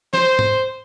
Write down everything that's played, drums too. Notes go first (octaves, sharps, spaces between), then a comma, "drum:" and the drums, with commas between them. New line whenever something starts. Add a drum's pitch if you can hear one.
C5, drum: snare
drum: tom G#2